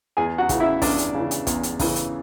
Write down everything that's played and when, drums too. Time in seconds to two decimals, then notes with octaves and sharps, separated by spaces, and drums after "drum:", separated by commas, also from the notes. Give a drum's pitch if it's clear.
0.17 E2 G#4 G#5
0.38 F#4 F#5
0.49 C#3 E3, drum: kick, hi-hat
0.60 E4 E5
0.82 E2 D4 D5, drum: kick, open hi-hat
0.98 drum: hi-hat
1.15 C#3 E3
1.31 drum: hi-hat
1.47 E2, drum: kick, hi-hat
1.63 drum: hi-hat
1.79 C#3 E3, drum: kick, open hi-hat
1.96 drum: hi-hat